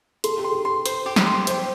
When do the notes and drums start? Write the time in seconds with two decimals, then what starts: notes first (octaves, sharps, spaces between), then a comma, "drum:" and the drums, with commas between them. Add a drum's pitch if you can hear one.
0.24 A4 C6, drum: hi-hat
0.37 G4
0.44 C6
0.51 A4
0.65 C6
0.86 C5, drum: hi-hat
1.06 G4
1.16 drum: snare
1.27 C6
1.47 C5 G5, drum: hi-hat